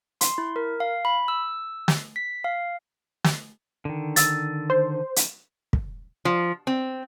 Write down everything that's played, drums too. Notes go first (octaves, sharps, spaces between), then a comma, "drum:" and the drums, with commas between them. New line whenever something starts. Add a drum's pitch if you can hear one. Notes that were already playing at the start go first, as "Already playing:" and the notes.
C6, drum: hi-hat
E4
A#4
F5
B5
E6
drum: snare
B6
F5
drum: snare
D3 D#3
E6 A6, drum: hi-hat
C5
drum: hi-hat
drum: kick
F3
C4